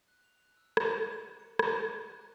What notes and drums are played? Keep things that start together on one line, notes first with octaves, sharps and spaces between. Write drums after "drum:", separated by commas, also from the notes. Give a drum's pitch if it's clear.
F#6
F7
F#6
E6
D#7, drum: rim click
F#6
E7
C#7
F7, drum: rim click
C7
F#6
A5